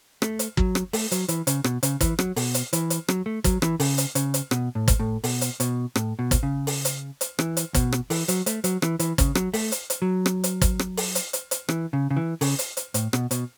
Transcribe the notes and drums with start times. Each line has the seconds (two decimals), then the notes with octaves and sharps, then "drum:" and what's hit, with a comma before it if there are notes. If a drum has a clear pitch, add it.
0.22 A3, drum: rim click
0.39 drum: hi-hat
0.57 F#3, drum: kick
0.75 drum: rim click
0.93 A3, drum: open hi-hat
1.12 F#3, drum: hi-hat
1.28 E3, drum: hi-hat
1.47 C#3, drum: hi-hat
1.64 B2, drum: rim click
1.83 C#3, drum: hi-hat
2.01 E3, drum: kick, hi-hat
2.19 F#3, drum: rim click
2.36 B2, drum: open hi-hat
2.54 drum: hi-hat
2.73 E3, drum: hi-hat
2.90 drum: hi-hat
3.08 F#3, drum: rim click
3.26 A3
3.44 F#3, drum: kick, hi-hat
3.62 E3, drum: rim click
3.80 C#3, drum: open hi-hat
3.98 drum: hi-hat
4.15 C#3, drum: hi-hat
4.34 drum: hi-hat
4.51 B2, drum: rim click
4.75 A2
4.88 drum: kick, hi-hat
5.00 A2
5.24 B2, drum: open hi-hat
5.41 drum: hi-hat
5.60 B2, drum: hi-hat
5.96 A2, drum: rim click
6.19 B2
6.31 drum: kick, hi-hat
6.43 C#3
6.67 drum: open hi-hat
6.85 drum: hi-hat
7.21 drum: hi-hat
7.39 E3, drum: rim click
7.57 drum: hi-hat
7.74 B2, drum: kick, hi-hat
7.92 drum: rim click
8.10 E3, drum: open hi-hat
8.28 F#3, drum: hi-hat
8.46 A3, drum: hi-hat
8.64 F#3, drum: hi-hat
8.82 E3, drum: rim click
8.99 E3, drum: hi-hat
9.18 C#3, drum: kick, hi-hat
9.35 F#3, drum: rim click
9.54 A3, drum: open hi-hat
9.72 drum: hi-hat
9.90 drum: hi-hat
10.02 F#3
10.26 drum: rim click
10.44 drum: hi-hat
10.61 drum: kick, hi-hat
10.79 drum: rim click
10.97 drum: open hi-hat
11.15 drum: hi-hat
11.33 drum: hi-hat
11.51 drum: hi-hat
11.69 E3, drum: rim click
11.93 C#3
12.10 C#3
12.17 E3
12.41 C#3, drum: open hi-hat
12.59 drum: hi-hat
12.77 drum: hi-hat
12.94 A2, drum: hi-hat
13.13 B2, drum: rim click
13.31 B2, drum: hi-hat